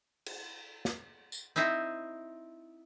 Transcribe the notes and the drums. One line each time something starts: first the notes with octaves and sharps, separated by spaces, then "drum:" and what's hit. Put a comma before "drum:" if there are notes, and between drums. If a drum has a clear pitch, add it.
drum: cymbal
drum: snare
drum: tambourine
C4 D#4 E4 C5